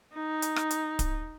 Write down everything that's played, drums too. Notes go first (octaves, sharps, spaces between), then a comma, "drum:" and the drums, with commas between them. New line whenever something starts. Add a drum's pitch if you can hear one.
D#4
drum: hi-hat
drum: rim click
drum: hi-hat
drum: kick D1, hi-hat